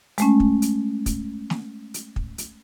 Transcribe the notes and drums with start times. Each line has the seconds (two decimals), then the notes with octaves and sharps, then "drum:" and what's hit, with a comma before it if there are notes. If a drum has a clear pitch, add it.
0.18 G#3 A3 C#4, drum: hi-hat
0.40 drum: kick
0.62 drum: hi-hat
1.06 drum: kick, hi-hat
1.50 drum: snare
1.94 drum: hi-hat
2.16 drum: kick
2.38 drum: hi-hat